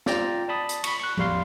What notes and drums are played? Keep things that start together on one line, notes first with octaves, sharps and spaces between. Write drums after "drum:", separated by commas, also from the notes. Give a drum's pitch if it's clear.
F4 D5 G5 A#5, drum: snare
D5 A5 B5 D#6
drum: hi-hat
B5 C#6, drum: cymbal
C#6 F#6
A1 E2 G3 F5 C6 C7, drum: tom F3